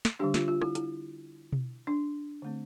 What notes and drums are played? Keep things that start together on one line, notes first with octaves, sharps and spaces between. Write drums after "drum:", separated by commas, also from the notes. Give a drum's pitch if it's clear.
drum: snare
D3 G3 D4 G4
F4, drum: snare
F4
E4, drum: rim click
E4, drum: hi-hat
drum: tom B2
D4
D3 A3 C4